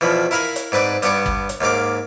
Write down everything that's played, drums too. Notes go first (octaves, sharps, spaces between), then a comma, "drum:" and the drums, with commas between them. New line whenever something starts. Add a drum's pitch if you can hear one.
E2 B2 F3 B5
E4 A#4 E5 F5 G#5 B5
drum: hi-hat
G#2 C4 B4 D5
G2 B3 D5 C#6, drum: hi-hat
drum: kick
drum: hi-hat
D#2 G#2 F5 D6